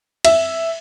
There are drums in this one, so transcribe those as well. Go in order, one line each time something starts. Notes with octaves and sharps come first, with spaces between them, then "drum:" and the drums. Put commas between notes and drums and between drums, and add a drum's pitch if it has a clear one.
E5, drum: cymbal